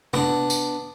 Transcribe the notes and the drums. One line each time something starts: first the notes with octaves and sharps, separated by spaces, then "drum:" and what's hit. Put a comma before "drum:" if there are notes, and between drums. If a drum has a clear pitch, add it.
B3 D4, drum: tom
drum: tambourine